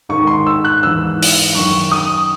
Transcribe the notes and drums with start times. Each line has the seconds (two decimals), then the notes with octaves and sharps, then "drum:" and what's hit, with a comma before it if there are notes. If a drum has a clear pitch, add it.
0.09 G#2 D#3 C#6
0.27 C6
0.47 E6
0.65 F#6
0.83 G#2 E3 E6
1.22 drum: open hi-hat
1.55 F#2 D#3 C#6
1.92 D#6